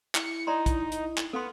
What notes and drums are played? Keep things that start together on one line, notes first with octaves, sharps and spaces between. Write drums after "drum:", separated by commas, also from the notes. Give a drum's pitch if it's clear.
E4 C#7, drum: clap
D#4 D5 A#5 C6
drum: kick, hi-hat
drum: hi-hat
drum: clap
B3 A4 F5 C6